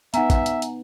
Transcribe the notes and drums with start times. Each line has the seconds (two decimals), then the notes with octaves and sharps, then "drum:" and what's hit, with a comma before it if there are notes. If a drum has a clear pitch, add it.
0.14 B3 D#4 E5 F#5 G#5 A#5, drum: hi-hat
0.30 drum: kick, hi-hat
0.46 drum: hi-hat
0.62 drum: hi-hat